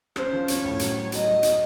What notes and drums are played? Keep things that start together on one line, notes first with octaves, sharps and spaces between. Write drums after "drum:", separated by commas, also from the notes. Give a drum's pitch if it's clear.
C#4 C5, drum: rim click
F3
C#4 C#5, drum: hi-hat
A2
F#3, drum: hi-hat
F#3
F#3 D#5, drum: hi-hat
F#3
D#4, drum: hi-hat